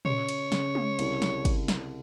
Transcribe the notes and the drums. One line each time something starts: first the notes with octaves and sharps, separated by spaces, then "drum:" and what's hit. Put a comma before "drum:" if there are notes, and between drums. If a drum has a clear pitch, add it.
C#3 C#5, drum: tom A#2
drum: cymbal
C#3, drum: snare
drum: tom G#3
C2, drum: cymbal
drum: snare
drum: kick, cymbal
drum: snare